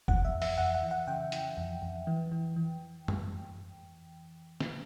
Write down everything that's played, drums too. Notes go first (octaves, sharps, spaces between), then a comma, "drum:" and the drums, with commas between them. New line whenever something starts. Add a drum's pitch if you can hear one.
E3 F#5, drum: kick F#1
E5
F2
E5, drum: open hi-hat
F2 F#5
F#5
E3
F#5
C#3 G5
E3, drum: hi-hat
F2
F2
E3
E3
E3
drum: tom F#2
drum: snare